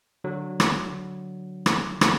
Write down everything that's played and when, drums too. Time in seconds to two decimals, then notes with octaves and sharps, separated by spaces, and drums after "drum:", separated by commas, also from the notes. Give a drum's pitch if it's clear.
0.24 D3 F#3
0.60 drum: rim click
1.66 drum: rim click
2.01 drum: rim click